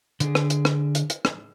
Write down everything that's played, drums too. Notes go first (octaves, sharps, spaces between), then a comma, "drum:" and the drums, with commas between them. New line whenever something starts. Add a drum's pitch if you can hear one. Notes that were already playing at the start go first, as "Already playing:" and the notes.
D3 G#4, drum: hi-hat
drum: rim click
drum: hi-hat
drum: rim click
drum: hi-hat
drum: hi-hat
drum: rim click